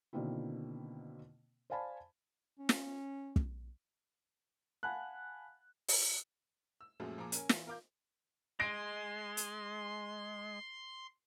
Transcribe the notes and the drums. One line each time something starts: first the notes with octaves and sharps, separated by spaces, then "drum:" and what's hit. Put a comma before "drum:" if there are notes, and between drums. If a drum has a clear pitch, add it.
B2 D3 D#3 A#3 C4 E4
C5 D5 F5 G#5 A5 B5
C#4
drum: snare
drum: kick
F5 F#5 G#5 A5 B5 F#6
drum: open hi-hat
E6
F#2 A#2 F3 G#3 A3 F#4
A#2 F3 G#4 A#5 D6
C#4 A#4 G#5, drum: hi-hat
E3, drum: snare
A#4 F5 D6 G6
G#3 C6 A#6 D7
drum: hi-hat